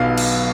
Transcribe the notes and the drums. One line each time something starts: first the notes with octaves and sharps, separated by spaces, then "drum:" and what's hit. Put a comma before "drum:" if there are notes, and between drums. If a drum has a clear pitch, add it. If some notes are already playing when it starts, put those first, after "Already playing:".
Already playing: B1 B2 F5
drum: cymbal